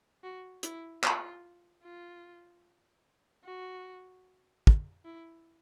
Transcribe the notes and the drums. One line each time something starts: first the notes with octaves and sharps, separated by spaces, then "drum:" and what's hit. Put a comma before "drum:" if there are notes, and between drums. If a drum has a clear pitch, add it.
F#4
E4, drum: hi-hat
F4, drum: clap
F4
F#4
drum: kick
E4